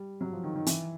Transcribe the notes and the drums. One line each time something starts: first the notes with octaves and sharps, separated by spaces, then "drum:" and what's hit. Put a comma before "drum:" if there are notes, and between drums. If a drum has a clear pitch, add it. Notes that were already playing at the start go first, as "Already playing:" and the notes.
Already playing: G3
F#3
F3
D#3
D#3
E3, drum: hi-hat